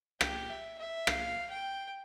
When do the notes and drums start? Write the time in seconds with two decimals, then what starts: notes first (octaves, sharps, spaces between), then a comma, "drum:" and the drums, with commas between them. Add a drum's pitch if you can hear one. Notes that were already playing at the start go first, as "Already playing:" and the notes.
0.21 G4, drum: rim click
0.50 E5
0.79 E5
1.07 F5, drum: rim click
1.50 G5